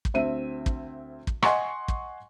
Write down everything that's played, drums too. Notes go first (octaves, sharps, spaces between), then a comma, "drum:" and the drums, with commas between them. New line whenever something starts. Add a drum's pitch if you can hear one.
drum: kick
D2 C4 E5 D#7
drum: kick
drum: kick
D#5 F#5 G#5 C6 C#6, drum: rim click
drum: kick